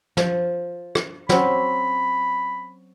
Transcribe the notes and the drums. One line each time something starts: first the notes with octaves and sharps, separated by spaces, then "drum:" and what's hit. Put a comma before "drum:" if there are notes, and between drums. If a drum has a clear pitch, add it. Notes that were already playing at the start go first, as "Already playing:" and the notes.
F3, drum: snare
drum: rim click
F#3 C4 C#4 B5, drum: snare